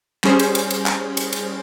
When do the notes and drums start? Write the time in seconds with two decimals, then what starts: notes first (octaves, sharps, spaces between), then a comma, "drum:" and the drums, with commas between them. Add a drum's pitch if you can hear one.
0.24 G3 C#4 G#4 C5, drum: clap
0.39 drum: cymbal
0.55 drum: cymbal
0.71 drum: cymbal
0.86 drum: clap
1.17 drum: cymbal
1.33 drum: cymbal